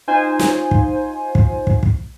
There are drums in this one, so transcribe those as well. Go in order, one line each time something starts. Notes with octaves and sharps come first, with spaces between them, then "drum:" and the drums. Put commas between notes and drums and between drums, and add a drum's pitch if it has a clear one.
D#4 F4 C5 G#5 C6
drum: snare
drum: kick
drum: kick
drum: kick
drum: kick